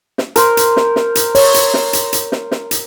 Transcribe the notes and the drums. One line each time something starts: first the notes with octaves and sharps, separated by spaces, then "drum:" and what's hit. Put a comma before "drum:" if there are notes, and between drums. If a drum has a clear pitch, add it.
drum: snare
A#4 C5, drum: hi-hat
drum: hi-hat
drum: snare
drum: snare
drum: hi-hat
C#5, drum: open hi-hat
drum: hi-hat
drum: snare
drum: hi-hat
drum: hi-hat
drum: snare
drum: snare
drum: hi-hat